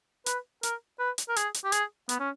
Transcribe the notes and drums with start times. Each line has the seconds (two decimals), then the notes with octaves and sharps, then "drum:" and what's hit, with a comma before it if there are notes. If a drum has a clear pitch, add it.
0.26 B4, drum: hi-hat
0.63 A#4, drum: hi-hat
0.99 B4
1.18 drum: hi-hat
1.29 A#4
1.36 G#4, drum: hi-hat
1.54 drum: hi-hat
1.64 G4
1.72 G#4, drum: hi-hat
2.09 B3, drum: hi-hat
2.20 C#4